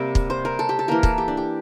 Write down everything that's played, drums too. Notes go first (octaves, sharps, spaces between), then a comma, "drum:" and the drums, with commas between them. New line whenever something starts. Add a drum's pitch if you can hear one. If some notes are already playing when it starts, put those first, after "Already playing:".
Already playing: C3 G3 A#3 A#4
drum: kick
C5
A#4
A4
G4
A4
E3 A#3 A#4
A4, drum: kick
G4
D4
G4